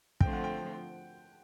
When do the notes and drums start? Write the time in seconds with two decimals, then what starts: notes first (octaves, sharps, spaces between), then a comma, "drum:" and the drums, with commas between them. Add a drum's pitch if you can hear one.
0.20 D3 F3 A3 C4 F4 G5, drum: kick
0.33 F#5
0.44 G5